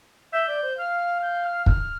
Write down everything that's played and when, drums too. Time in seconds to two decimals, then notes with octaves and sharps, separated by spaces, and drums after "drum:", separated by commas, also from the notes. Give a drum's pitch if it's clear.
0.33 E5 G6
0.48 D5
0.62 C5
0.78 F5 F6
1.22 G6
1.44 F6
1.66 F6, drum: kick